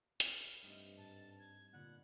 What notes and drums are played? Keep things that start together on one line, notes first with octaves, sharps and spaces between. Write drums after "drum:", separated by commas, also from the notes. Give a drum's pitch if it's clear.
B4 F6, drum: hi-hat
G2 A3 C4 D#4
G#2 A5
G#6
A#2 D3 B3 F#5